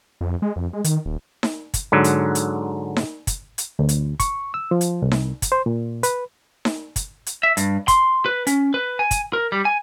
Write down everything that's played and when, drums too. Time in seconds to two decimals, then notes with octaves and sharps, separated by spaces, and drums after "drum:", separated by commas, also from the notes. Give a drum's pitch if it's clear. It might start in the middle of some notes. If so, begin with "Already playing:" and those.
0.21 F2
0.42 G#3
0.56 F2
0.73 G#3
0.84 D#3, drum: hi-hat
1.06 D#1
1.43 drum: snare D#4
1.74 drum: kick, hi-hat
1.92 G#2 D3 F#3
2.04 drum: hi-hat
2.35 drum: hi-hat
2.96 drum: snare D#4
3.27 drum: kick, hi-hat
3.58 drum: hi-hat
3.79 D2
3.89 drum: hi-hat
4.20 C#6, drum: kick, hi-hat
4.54 E6
4.71 F3
4.81 drum: hi-hat
5.02 C2
5.11 drum: snare D#4
5.42 drum: kick, hi-hat
5.52 C5
5.66 A#2
6.03 B4, drum: hi-hat
6.65 drum: snare D#4
6.96 drum: kick, hi-hat
7.26 drum: hi-hat
7.43 E5
7.57 G2, drum: hi-hat
7.88 C6, drum: kick, hi-hat
8.26 B4
8.47 C#4, drum: hi-hat
8.74 B4
8.99 G#5
9.11 drum: kick, hi-hat
9.33 A#4
9.52 G3
9.65 G#5